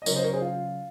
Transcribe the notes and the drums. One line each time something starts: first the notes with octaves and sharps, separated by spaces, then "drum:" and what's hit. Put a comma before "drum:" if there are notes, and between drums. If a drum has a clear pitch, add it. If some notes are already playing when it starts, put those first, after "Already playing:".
D#5
C#3 F#3 A#4 C#5, drum: tambourine
C5 D#5
A#4 C#5
G#4 C5
F4